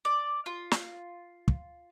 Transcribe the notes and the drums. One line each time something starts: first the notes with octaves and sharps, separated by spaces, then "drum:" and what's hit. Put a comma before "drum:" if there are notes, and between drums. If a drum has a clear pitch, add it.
D5
F4
drum: snare
drum: kick